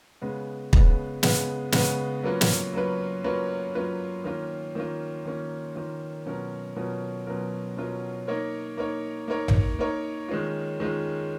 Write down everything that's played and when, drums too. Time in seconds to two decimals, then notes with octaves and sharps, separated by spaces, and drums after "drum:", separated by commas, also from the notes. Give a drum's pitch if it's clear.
0.22 C#3 G#3 B3
0.73 C#3 G#3 B3, drum: kick
1.23 C#3 G#3 B3, drum: snare
1.72 C#3 G#3 B3, drum: snare
2.23 F#3 A#3 C#4 F4 B4
2.41 drum: snare
2.73 F#3 A#3 C#4 F4 B4
3.24 F#3 A#3 C#4 F4 B4
3.75 F#3 A#3 C#4 F4 B4
4.24 D#3 A#3 C#4 F4
4.75 D#3 A#3 C#4 F4
5.25 D#3 A#3 C#4 F4
5.75 D#3 A#3 C#4 F4
6.26 B2 F#3 C#4 F4 A#4
6.76 B2 F#3 C#4 F4 A#4
7.26 B2 F#3 C#4 F4 A#4
7.77 B2 F#3 C#4 F4 A#4
8.27 A#3 D#4 A#4 C#5
8.77 A#3 D#4 A#4 C#5
9.28 A#3 D#4 A#4 C#5
9.48 drum: tom A1
9.79 A#3 D#4 A#4 C#5
10.28 D#3 G#3 C#4 F4
10.80 D#3 G#3 C#4 F4